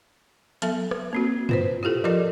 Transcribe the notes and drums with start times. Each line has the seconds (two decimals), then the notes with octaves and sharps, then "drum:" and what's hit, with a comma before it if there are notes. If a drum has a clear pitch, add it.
0.62 F#3 B3 A4 E5, drum: hi-hat
0.91 drum: rim click
1.13 A#3 C4 F#4
1.49 F4 B4 C5, drum: tom
1.83 E4 F4 G4 A4
2.04 F3 F4 G4 A4 A#4 D5